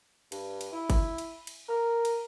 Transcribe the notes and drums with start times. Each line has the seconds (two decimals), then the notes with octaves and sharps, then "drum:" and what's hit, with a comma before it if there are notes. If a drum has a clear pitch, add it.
0.32 G2, drum: cymbal
0.61 drum: cymbal
0.73 E4
0.90 drum: kick G1, cymbal
1.18 drum: cymbal
1.47 drum: cymbal
1.68 A#4
2.05 drum: cymbal